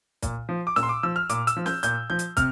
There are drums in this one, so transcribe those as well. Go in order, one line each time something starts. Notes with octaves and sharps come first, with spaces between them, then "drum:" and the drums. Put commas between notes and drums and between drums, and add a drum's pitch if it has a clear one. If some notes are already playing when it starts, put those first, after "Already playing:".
A#2, drum: kick, hi-hat
F3
D6
A#2 E6, drum: snare
C6
D6
F3 E6
F6
A#2 D6, drum: hi-hat
E6, drum: hi-hat
F3
G6, drum: snare
A#2 G6, drum: hi-hat
F3 G6
drum: hi-hat
C3 F6, drum: kick, hi-hat